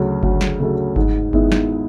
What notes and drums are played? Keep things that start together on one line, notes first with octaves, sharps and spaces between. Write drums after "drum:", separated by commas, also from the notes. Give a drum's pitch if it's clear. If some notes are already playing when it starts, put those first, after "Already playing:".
Already playing: D2 C#3 F#3 A3
D2, drum: kick G1
drum: snare
C#3 F#3 A3
G#2, drum: kick G1
D#3 G#3 B3 E4, drum: kick G1
drum: snare